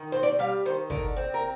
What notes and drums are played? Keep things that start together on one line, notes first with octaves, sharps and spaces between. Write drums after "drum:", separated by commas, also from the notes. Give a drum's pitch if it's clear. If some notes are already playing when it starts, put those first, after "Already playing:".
Already playing: D#3
C4 C5
D5
G3 F5
D#3 C5
D3 A#4, drum: kick
C4
A#4